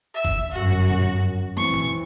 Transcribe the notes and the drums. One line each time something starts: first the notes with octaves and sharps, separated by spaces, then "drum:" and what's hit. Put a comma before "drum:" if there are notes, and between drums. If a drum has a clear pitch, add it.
E5
drum: kick F#1
G1 F#2 F#4
drum: tom A#2
E3 C4 C#6, drum: tom
drum: tom A#2